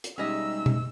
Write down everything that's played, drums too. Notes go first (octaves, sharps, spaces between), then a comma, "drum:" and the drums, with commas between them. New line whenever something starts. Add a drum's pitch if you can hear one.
drum: hi-hat
B2 G3 G#3 C#4 D#4 D#5 E5 E6
drum: tom B2